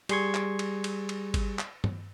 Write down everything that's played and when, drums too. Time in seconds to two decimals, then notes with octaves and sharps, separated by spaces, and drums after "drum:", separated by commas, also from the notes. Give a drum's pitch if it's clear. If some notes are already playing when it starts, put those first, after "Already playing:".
0.09 G3 G#4 C6 C#6 G#6, drum: cymbal
0.34 drum: clap
0.59 drum: cymbal
0.84 drum: cymbal
1.09 drum: cymbal
1.34 drum: kick G#1, cymbal
1.59 drum: clap
1.84 drum: tom